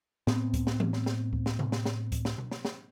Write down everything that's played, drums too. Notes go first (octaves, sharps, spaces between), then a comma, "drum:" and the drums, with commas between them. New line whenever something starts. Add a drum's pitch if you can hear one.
A2 B3 C4, drum: snare
drum: kick C#2, hi-hat
drum: snare
drum: tom E3
drum: snare
drum: snare
drum: kick C#2
drum: snare
drum: tom C3
drum: snare
drum: snare
drum: kick C#2, hi-hat
drum: snare
drum: tom B2
drum: snare
drum: snare